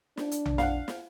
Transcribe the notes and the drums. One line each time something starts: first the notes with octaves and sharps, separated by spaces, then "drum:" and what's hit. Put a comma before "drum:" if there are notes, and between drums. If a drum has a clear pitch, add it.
D4, drum: snare
drum: hi-hat
drum: tom A#1
F5 F#5, drum: snare
drum: snare